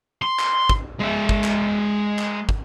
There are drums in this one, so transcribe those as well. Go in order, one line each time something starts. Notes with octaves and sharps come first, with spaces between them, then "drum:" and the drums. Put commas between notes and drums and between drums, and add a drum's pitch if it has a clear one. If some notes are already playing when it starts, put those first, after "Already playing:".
C6
drum: clap
drum: kick
G#3 E5
drum: kick
drum: clap
drum: clap
drum: kick